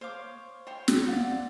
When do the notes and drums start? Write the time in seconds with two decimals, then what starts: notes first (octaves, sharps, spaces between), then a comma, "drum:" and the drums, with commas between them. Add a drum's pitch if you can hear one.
0.01 C5 C#5 F5 D6
0.67 C5 C#5 G5 C6
0.88 drum: snare
1.07 D5 F5 F#5